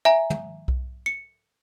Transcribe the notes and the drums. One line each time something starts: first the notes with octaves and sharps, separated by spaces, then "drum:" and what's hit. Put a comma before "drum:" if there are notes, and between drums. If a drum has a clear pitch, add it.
E5 G#5 A#5
drum: tom
drum: kick B1
C#7